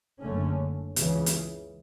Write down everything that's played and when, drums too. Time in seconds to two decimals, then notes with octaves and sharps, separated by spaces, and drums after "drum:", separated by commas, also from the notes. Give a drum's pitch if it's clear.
0.21 F#1 F#2 D3 A3 C#4
0.96 C#2 C#3 E3, drum: hi-hat
1.26 drum: hi-hat